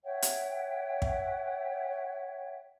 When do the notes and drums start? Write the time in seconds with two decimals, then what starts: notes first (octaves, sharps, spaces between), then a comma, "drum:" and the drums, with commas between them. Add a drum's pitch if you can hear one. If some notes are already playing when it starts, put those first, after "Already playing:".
0.04 C#5 E5 F#5 G5
0.22 drum: hi-hat
1.02 drum: kick